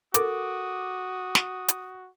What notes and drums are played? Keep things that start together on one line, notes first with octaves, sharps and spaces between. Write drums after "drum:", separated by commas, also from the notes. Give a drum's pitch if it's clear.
F#4 A4 A#4 D6 D#6, drum: hi-hat
drum: snare
drum: hi-hat